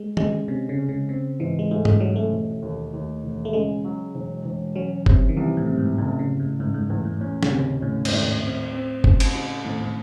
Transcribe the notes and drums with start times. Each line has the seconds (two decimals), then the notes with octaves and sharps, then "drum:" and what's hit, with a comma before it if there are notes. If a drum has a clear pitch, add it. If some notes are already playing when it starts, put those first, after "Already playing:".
Already playing: G#3
0.17 C#3 G#3, drum: tom
0.48 C3 C#4
0.69 C#3
0.78 C#4
0.89 C#3
1.09 C#3 C4
1.40 G#2 E3
1.59 G#3
1.71 G#2 A3
1.85 G#3, drum: tom G#2
2.00 A1 F#3
2.16 A3
2.32 E1
2.62 D#2
2.93 D#2
3.24 E1
3.45 A3
3.53 C#3 G#3
3.84 F#3
4.15 E1
4.45 E1
4.75 F#3 C#4
5.06 C3, drum: kick F#1
5.29 D#3
5.37 C2 E3
5.57 A2
5.68 C3
5.78 G#2
5.98 F#1 A2
6.19 C#3
6.29 F#1
6.40 A2
6.59 F#1 G#2
6.74 G#2
6.90 E2 A2
7.05 A2
7.21 A2 C#4
7.43 C#3, drum: snare
7.51 D#2 C3
7.81 A2 C#4
8.05 G#2, drum: cymbal
8.12 D#2 A2
8.43 C4
8.73 C4
9.04 C#3, drum: kick F#1
9.20 drum: cymbal
9.35 C#3
9.65 G#1 A2
9.81 A2